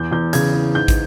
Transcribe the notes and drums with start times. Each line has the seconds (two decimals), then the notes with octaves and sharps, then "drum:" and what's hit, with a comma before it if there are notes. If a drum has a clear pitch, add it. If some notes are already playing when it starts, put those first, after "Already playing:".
Already playing: E2 G6
0.11 E2 G6
0.33 C#3 G#6, drum: hi-hat
0.54 E3
0.74 G#2 G6
0.88 drum: kick, hi-hat